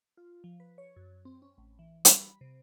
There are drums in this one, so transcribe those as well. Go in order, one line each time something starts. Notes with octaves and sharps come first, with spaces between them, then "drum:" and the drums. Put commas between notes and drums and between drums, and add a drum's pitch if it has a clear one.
F4
F3
B4
C#5
F#2
C4
C#4
A1
E3
G3, drum: hi-hat
B5
C3